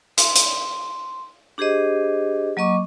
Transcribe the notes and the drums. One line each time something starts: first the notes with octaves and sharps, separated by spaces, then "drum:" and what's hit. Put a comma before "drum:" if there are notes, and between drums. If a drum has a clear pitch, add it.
C6, drum: hi-hat
drum: hi-hat
D4 G4 G#4 C5 D#5
F#3 A#3 D#5 C#6 D6